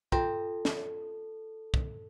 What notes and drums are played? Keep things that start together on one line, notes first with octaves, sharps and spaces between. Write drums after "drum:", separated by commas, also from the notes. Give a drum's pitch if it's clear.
C4 F4 A4, drum: kick
drum: snare
drum: kick